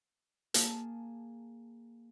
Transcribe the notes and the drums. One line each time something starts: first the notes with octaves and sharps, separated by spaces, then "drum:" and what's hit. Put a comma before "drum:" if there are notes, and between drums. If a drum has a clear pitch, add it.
A#3 G#4 G#5 A5, drum: hi-hat